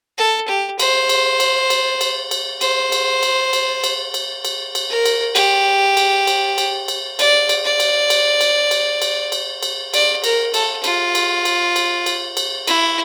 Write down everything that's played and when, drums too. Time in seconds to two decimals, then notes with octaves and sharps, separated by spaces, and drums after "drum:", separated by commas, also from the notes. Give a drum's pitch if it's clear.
0.18 A4
0.48 G4
0.80 C5, drum: cymbal
1.09 drum: cymbal
1.40 drum: cymbal
1.70 drum: cymbal
2.01 drum: cymbal
2.31 drum: cymbal
2.61 C5, drum: cymbal
2.92 drum: cymbal
3.23 drum: cymbal
3.53 drum: cymbal
3.84 drum: cymbal
4.14 drum: cymbal
4.45 drum: cymbal
4.75 drum: cymbal
4.90 A#4
5.05 drum: cymbal
5.36 G4, drum: cymbal
5.97 drum: cymbal
6.27 drum: cymbal
6.58 drum: cymbal
6.88 drum: cymbal
7.19 D5, drum: cymbal
7.49 drum: cymbal
7.65 D5
7.80 drum: cymbal
8.10 drum: cymbal
8.41 drum: cymbal
8.71 drum: cymbal
9.02 drum: cymbal
9.32 drum: cymbal
9.63 drum: cymbal
9.94 D5, drum: cymbal
10.24 A#4, drum: cymbal
10.54 A4, drum: cymbal
10.84 F4, drum: cymbal
11.15 drum: cymbal
11.45 drum: cymbal
11.76 drum: cymbal
12.06 drum: cymbal
12.37 drum: cymbal
12.67 E4, drum: cymbal